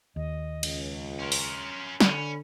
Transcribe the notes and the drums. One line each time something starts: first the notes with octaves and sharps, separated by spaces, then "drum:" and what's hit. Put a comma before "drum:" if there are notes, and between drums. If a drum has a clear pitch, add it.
D#2 D#5
C#2, drum: cymbal
C#4 A#4 C6
drum: open hi-hat
D3 C#4 B5, drum: snare